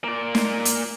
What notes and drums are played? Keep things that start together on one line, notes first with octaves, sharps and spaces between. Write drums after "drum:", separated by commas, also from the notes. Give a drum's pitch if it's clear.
A#3 D5
drum: snare
drum: hi-hat